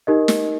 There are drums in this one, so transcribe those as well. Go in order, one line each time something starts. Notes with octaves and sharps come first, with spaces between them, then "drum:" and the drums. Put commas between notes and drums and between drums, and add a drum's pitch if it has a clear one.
D#4 G4 A#4 D#5
drum: snare